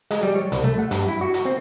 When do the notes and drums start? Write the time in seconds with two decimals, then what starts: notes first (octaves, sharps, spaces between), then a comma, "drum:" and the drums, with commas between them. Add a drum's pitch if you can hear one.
0.11 G#3, drum: hi-hat
0.23 G3
0.36 C#5
0.52 C2, drum: hi-hat
0.64 A3
0.79 F#5
0.91 G2, drum: hi-hat
1.08 E4
1.21 F#4
1.34 drum: hi-hat
1.45 C4